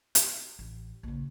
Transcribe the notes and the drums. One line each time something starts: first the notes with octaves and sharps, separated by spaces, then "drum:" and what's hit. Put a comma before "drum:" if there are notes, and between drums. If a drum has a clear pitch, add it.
D#4, drum: hi-hat
A1
A#1 C#3